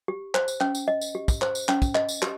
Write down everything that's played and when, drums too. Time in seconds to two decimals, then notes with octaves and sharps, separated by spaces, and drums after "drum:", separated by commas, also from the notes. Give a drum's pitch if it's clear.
0.08 G4
0.34 C5, drum: clap
0.48 drum: tambourine
0.61 C#4, drum: clap
0.75 drum: tambourine
0.88 D#5
1.01 drum: tambourine
1.15 G4
1.28 drum: kick, tambourine
1.42 C5, drum: clap
1.55 drum: tambourine
1.69 C#4, drum: clap
1.82 drum: kick, tambourine
1.95 D#5, drum: clap
2.09 drum: tambourine
2.22 G4, drum: clap